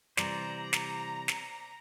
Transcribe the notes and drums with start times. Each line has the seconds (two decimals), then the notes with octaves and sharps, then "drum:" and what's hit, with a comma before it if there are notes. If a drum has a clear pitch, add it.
0.17 C3 E3 G3 C5 D5 A#5, drum: snare
0.73 drum: snare
1.28 drum: snare